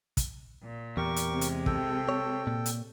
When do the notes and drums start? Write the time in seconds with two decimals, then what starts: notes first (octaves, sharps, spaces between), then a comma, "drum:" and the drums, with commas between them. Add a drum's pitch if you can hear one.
0.17 drum: kick, hi-hat
0.63 A#2
0.97 E2 G4 A#4 C#6
1.16 drum: hi-hat
1.31 C3 G#3
1.41 drum: hi-hat
1.66 A4 G5, drum: kick
2.09 C#5
2.47 A#2
2.66 drum: hi-hat